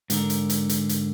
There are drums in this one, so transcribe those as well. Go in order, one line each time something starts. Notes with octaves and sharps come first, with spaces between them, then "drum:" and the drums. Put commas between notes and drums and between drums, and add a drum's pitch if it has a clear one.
G#2 D3 A#4, drum: hi-hat
drum: hi-hat
drum: hi-hat
drum: hi-hat
drum: hi-hat